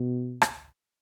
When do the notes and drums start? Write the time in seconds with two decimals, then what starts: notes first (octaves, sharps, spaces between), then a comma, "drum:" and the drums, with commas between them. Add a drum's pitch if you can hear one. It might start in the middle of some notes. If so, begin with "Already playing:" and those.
Already playing: B2
0.42 drum: rim click